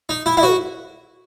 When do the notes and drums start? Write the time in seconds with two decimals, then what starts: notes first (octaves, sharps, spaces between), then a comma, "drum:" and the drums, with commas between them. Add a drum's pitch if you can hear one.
0.09 D#4
0.26 E4
0.37 E4, drum: tom
0.43 F#4